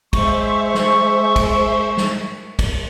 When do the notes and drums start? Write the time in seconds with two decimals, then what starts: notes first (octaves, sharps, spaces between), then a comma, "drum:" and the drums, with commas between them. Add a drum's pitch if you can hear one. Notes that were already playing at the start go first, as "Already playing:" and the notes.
0.13 G#3 C5 E5 C#6, drum: kick, cymbal
0.74 drum: snare
1.36 drum: kick, cymbal
1.97 drum: snare
2.59 drum: kick, cymbal